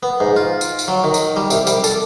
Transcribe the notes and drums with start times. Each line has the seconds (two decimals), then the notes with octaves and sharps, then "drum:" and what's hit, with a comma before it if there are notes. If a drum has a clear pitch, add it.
0.03 B3
0.20 G#2
0.36 F4
0.61 drum: tambourine
0.79 drum: tambourine
0.88 F#3
1.04 D#3
1.14 drum: tambourine
1.36 G3
1.50 C2, drum: tambourine
1.67 G3, drum: tambourine
1.84 A4, drum: tambourine